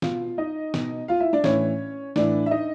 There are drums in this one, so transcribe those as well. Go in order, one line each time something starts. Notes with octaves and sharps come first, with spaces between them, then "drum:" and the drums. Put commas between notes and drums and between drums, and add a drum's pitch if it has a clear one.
B2 F4 F5, drum: snare
D#4 D#5
B2, drum: snare
F4 F5
E4 E5
D4 D5
A2 E3 C#4 C#5, drum: snare
A2 E3 D4 D5, drum: snare
E5
D#4 D#5